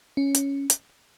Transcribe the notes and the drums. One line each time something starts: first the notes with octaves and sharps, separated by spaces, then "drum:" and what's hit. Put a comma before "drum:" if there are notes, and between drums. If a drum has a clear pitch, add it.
C#4
drum: hi-hat
drum: hi-hat